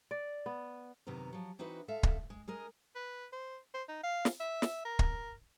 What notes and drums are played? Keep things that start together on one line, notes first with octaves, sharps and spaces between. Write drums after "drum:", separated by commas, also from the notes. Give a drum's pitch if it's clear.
D5
B3
F#2 C3 D#3 B3 A#4
F3 F#3
E3 C4 D#4 E4 F#4 B4
G#3 A4 E5 F5
drum: kick
G#3
G#3 G#4 A#4 D#5
B4
C5
C5
D#4
F5
drum: snare
E5
drum: snare
A#4
drum: kick